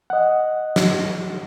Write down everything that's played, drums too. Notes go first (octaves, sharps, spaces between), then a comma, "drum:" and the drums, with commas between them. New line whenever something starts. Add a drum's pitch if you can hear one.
D#5 F#5
drum: snare